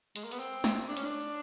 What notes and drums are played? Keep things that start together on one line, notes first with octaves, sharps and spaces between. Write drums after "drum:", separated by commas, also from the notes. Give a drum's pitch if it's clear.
G#3, drum: hi-hat
A#3
B3, drum: hi-hat
C4
drum: snare
D4
C#4, drum: hi-hat
D4